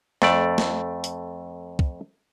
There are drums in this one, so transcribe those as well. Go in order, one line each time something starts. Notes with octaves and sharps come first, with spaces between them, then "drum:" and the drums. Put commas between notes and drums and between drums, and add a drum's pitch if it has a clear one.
F2 A3 D5, drum: snare
drum: snare
drum: hi-hat
drum: kick